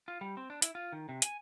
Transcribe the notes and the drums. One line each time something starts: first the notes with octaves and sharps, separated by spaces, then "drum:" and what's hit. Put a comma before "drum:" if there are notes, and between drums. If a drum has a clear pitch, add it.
F4
G3
C4
D4
E4, drum: hi-hat
F4
D#3
C3
G#5, drum: hi-hat